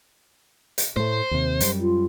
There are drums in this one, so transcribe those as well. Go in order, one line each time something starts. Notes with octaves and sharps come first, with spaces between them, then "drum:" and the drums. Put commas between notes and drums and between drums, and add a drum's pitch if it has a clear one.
drum: hi-hat
A2 A3 C5
D#2 C3
F#2 G3, drum: hi-hat
F4